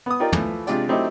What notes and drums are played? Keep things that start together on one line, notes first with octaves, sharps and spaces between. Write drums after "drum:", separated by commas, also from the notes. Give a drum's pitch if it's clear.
B3 D#6
D#4 F4 G4 A#4 D5 G5
E3 F3 A3, drum: tom
C3 G#3 D4 F4 G4 D5, drum: hi-hat
F#3 A3 C4 D#4 E4 G4